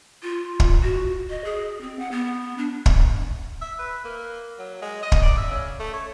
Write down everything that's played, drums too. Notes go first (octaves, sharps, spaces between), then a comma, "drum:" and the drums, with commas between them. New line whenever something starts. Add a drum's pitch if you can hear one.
F4
drum: kick
F#4
D#5
G#4
C4
F#5
B3
D4
drum: kick
E5
B4
A#3
F#3
G#3
D#5
drum: kick
D5
E5
C#3
A3
C#5